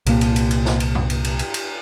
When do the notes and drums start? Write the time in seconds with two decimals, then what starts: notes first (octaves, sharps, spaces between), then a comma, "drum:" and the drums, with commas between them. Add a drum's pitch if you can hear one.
0.06 C2 A#2 A#3, drum: cymbal
0.21 drum: cymbal
0.36 drum: cymbal
0.51 drum: cymbal
0.65 drum: snare
0.80 drum: cymbal
0.95 drum: tom F#2
1.10 drum: cymbal
1.24 drum: cymbal
1.39 drum: cymbal
1.54 drum: cymbal